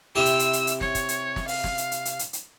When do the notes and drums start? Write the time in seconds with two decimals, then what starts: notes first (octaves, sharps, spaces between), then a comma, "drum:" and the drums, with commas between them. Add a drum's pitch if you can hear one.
0.16 C3 E4 G4 E6
0.26 drum: hi-hat
0.39 drum: hi-hat
0.53 drum: hi-hat
0.67 drum: hi-hat
0.81 C#5, drum: snare
0.95 drum: kick, hi-hat
1.09 drum: hi-hat
1.36 drum: snare
1.48 F5, drum: open hi-hat
1.64 drum: snare
1.78 drum: hi-hat
1.92 drum: hi-hat
2.05 drum: hi-hat
2.19 drum: hi-hat
2.33 drum: hi-hat